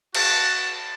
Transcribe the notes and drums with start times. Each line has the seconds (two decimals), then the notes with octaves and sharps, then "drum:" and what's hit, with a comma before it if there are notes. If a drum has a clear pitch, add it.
0.15 F#4 A5, drum: cymbal